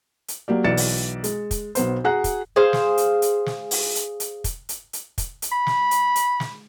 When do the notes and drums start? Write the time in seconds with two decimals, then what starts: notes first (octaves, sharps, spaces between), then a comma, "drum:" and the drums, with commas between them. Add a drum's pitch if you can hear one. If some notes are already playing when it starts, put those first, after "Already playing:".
0.28 drum: hi-hat
0.48 F#3 A#3 G4 D5
0.64 B1 E3 D5 A6 C#7 E7
0.77 drum: open hi-hat
1.24 G#3, drum: hi-hat
1.51 drum: kick, hi-hat
1.75 B1 B3 C5, drum: hi-hat
2.04 F#4 G#4 F#5 A#5 F#6
2.24 drum: kick, hi-hat
2.56 G#4 C5 F5
2.73 drum: snare
2.97 drum: hi-hat
3.22 drum: hi-hat
3.46 drum: snare
3.71 drum: open hi-hat
3.95 drum: hi-hat
4.20 drum: hi-hat
4.44 drum: kick, hi-hat
4.69 drum: hi-hat
4.93 drum: hi-hat
5.18 drum: kick, hi-hat
5.42 drum: hi-hat
5.52 B5
5.67 drum: snare
5.91 drum: hi-hat
6.16 drum: hi-hat
6.40 drum: snare